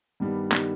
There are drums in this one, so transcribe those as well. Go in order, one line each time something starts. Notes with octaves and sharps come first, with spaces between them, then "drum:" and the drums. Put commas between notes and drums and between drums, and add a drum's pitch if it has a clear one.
G2 D#3 G3 B3
D#3 G3 B3, drum: clap